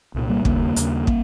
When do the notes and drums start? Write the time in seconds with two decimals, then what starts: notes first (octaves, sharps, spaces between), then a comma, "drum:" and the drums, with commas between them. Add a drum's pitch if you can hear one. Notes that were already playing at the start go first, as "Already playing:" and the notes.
0.15 C2 A#2
0.30 G3 A#3
0.45 D#2 C#3 G3 A#3, drum: kick
0.76 D#2 C#3, drum: hi-hat
1.07 drum: kick